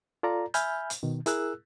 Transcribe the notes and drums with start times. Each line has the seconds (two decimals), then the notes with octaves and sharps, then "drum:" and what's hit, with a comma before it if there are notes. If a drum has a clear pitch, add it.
0.23 F4 A4 D5 A#5
0.54 E5 G#5 B5 F6 G6, drum: hi-hat
0.90 drum: hi-hat
1.03 B2 D#3
1.26 E4 G#4 A#4 E6 F#6, drum: hi-hat